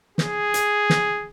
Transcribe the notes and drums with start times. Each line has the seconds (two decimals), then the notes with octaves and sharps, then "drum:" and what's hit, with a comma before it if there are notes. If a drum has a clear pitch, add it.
0.18 G#4, drum: snare
0.54 drum: hi-hat
0.90 drum: snare